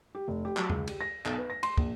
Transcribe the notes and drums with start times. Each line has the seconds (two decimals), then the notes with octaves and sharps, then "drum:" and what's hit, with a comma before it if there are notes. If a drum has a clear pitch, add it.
0.15 G4
0.28 F1
0.45 G4
0.57 F#3, drum: clap
0.70 C#2, drum: tom E2
0.87 G4, drum: cymbal
1.01 A#6
1.25 B1, drum: clap
1.38 B4
1.50 A#6
1.63 C6, drum: cymbal
1.77 A#1, drum: kick